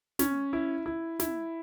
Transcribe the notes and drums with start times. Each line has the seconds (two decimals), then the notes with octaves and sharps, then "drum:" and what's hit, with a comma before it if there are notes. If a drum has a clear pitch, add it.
0.19 C#4, drum: snare
0.53 E4
0.86 E4
1.20 E4, drum: snare